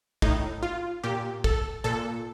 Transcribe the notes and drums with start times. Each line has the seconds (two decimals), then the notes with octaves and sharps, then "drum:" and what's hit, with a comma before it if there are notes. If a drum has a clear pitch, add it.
0.22 A2 D#4, drum: kick
0.62 F4
1.04 A#2 G4
1.44 A4, drum: kick
1.84 A#2 A4